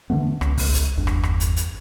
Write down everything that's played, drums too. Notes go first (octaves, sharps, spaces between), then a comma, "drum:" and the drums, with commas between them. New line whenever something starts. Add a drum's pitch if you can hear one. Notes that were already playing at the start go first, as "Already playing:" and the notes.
D3 D#3 A3 B3
C#2, drum: rim click
drum: kick, open hi-hat
drum: hi-hat
G1 E2 D4
drum: rim click
drum: rim click
drum: hi-hat
drum: hi-hat